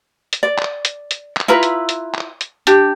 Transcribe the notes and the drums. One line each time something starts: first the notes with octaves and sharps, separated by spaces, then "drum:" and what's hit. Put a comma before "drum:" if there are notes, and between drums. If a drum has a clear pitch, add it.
drum: hi-hat
D5
drum: clap
drum: hi-hat
drum: hi-hat
drum: clap
E4 F4 B4 A#5
drum: hi-hat
drum: hi-hat
drum: clap
drum: hi-hat
D4 G4, drum: hi-hat